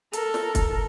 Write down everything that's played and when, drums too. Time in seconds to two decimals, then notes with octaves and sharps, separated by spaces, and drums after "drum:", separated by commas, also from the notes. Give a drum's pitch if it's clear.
0.13 A4 A#4, drum: hi-hat
0.34 drum: snare
0.55 drum: kick, hi-hat